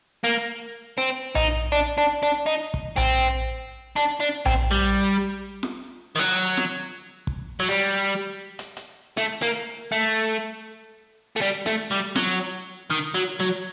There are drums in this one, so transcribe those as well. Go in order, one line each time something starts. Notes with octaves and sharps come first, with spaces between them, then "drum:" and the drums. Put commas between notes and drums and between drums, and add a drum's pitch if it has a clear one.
A#3
C4
D#4, drum: tom A#1
D4
D4
D4
D#4
drum: kick
C4, drum: tom A#1
D4, drum: hi-hat
D4
C4, drum: tom A#1
G3
drum: snare F4
D#3
F#3, drum: hi-hat
drum: snare F4
drum: kick
F#3
G3
drum: hi-hat
drum: hi-hat
A3
A#3
A3
A3
G3
A3
G3
F#3, drum: snare F4
D#3
F#3
F#3